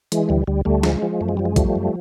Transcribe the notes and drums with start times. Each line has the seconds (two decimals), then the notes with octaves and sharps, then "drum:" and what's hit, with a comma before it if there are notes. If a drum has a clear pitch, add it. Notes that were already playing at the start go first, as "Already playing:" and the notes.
0.12 E3 G#3, drum: hi-hat
0.29 D2 G3
0.47 D2 G3
0.65 D2 G3 A3
0.83 F3 G#3, drum: snare
1.02 F3
1.21 F#2 A3
1.29 G#3
1.37 F3 G3
1.45 G#3
1.56 F3 G3 A3, drum: kick, hi-hat
1.75 F#2